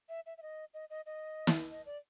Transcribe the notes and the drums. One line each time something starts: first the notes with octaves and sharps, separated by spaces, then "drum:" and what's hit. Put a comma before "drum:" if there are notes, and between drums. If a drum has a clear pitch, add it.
E5
E5
E5
D#5
D#5
D#5
D#5
drum: snare
D#5
D5